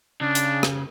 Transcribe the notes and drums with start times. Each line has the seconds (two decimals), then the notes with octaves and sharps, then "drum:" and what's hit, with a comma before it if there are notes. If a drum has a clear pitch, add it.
0.21 C#3 D4
0.35 drum: hi-hat
0.63 drum: rim click